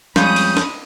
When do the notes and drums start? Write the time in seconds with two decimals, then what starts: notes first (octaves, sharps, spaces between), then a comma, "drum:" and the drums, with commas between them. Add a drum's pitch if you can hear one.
0.16 F2 G3 G#3 C#4 B5 D#6 G6, drum: snare
0.36 drum: cymbal
0.57 drum: snare